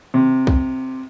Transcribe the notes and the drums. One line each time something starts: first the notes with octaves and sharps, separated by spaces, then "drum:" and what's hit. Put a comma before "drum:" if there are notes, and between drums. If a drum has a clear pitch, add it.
C3
drum: kick